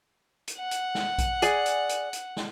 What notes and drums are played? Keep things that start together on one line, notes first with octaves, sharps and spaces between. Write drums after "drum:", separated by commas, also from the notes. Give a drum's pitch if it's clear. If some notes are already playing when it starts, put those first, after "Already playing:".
drum: hi-hat
F#5
drum: hi-hat
drum: snare
drum: kick A#1, hi-hat
G#4 D5 G#5, drum: hi-hat
drum: hi-hat
drum: hi-hat
drum: hi-hat
drum: snare